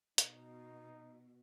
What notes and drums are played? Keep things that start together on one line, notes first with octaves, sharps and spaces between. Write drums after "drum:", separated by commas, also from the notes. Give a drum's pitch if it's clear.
B2 D#4, drum: hi-hat